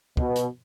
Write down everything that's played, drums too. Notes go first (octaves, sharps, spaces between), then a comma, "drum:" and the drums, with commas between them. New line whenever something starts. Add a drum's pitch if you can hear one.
B2, drum: kick
drum: hi-hat